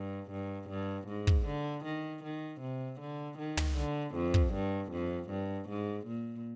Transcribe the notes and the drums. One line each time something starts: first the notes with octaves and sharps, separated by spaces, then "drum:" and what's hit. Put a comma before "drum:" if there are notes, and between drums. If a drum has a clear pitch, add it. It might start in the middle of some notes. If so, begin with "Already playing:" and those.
Already playing: G2
G2
G2
G#2
drum: kick
D3
D#3
D#3
C3
D3
D#3
drum: tom
D3
F2
drum: kick
G2
F2
G2
G#2
A#2